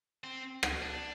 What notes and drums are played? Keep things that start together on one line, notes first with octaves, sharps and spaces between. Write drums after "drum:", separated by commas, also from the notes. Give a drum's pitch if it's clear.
C4
drum: rim click
D4